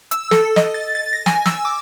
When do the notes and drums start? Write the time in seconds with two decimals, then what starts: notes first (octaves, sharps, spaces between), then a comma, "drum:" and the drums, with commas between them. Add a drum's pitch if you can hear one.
0.11 E6, drum: hi-hat
0.31 A4, drum: snare
0.56 D#5, drum: snare
0.74 A6
0.95 A6
1.13 A#6
1.26 G#5, drum: snare
1.46 E6, drum: snare
1.65 D6